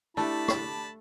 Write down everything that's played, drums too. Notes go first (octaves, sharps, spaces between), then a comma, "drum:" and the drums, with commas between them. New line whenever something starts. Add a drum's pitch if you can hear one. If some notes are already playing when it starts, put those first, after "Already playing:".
A3 D4 E4 G4 A5 B5
drum: rim click